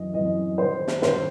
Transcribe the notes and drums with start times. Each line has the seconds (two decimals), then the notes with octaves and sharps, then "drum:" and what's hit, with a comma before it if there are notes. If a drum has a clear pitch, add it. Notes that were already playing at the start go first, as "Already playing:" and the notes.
Already playing: F#2 E3 D#5
0.14 F#2 E3 D#5
0.58 G2 D#3 C5
0.88 drum: snare
1.02 G2 D#3 C5, drum: snare